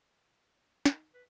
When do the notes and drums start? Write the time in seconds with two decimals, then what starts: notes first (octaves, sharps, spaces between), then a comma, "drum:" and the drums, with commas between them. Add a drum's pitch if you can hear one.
0.86 D#4 A#4, drum: snare
1.14 B4